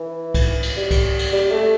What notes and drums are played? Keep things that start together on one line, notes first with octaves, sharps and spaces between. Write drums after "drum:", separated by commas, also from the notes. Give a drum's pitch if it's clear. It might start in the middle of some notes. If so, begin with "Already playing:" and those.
Already playing: E3
drum: kick C2, cymbal
drum: cymbal
G3
drum: kick C2, cymbal
drum: cymbal
G3
A3